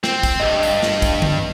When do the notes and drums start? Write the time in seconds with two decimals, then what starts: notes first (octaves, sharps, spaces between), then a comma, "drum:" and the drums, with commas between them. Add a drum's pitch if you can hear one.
0.04 C4, drum: snare
0.23 drum: kick, tambourine
0.40 B1 G2 D#5
0.63 drum: tambourine
0.83 drum: snare
1.02 drum: kick, tambourine
1.22 drum: tom D3